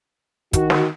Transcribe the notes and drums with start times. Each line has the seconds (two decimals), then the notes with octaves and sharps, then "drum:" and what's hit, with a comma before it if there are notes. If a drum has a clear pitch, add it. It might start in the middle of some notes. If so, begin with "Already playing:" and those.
0.53 D#3 F#4, drum: kick, hi-hat
0.70 drum: snare